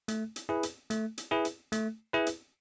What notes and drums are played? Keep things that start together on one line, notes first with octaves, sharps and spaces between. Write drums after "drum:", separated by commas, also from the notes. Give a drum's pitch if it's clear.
A3, drum: hi-hat
drum: hi-hat
E4 G#4 B4
drum: hi-hat
A3, drum: hi-hat
drum: hi-hat
E4 G#4 B4
drum: hi-hat
A3, drum: hi-hat
E4 G#4 B4
drum: hi-hat